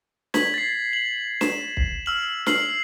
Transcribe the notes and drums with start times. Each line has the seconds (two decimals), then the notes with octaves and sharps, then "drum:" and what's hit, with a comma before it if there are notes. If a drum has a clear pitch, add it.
0.34 G#6 B6 F#7, drum: snare
0.54 A6 C7
0.93 F#7
1.41 E7, drum: snare
1.77 drum: kick
2.06 E6 F6 F#7
2.46 F6 C7 F#7, drum: snare